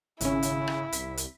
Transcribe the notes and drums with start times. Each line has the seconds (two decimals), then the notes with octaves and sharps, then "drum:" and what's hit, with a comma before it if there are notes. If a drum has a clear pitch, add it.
0.21 G#1 C#3 C#4 E4, drum: hi-hat
0.43 drum: hi-hat
0.67 drum: rim click
0.92 C2 B6, drum: hi-hat
1.17 drum: hi-hat